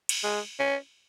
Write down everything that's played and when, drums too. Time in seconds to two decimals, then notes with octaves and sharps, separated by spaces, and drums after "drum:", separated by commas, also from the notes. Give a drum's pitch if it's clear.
0.09 drum: cymbal
0.23 G#3
0.59 C#4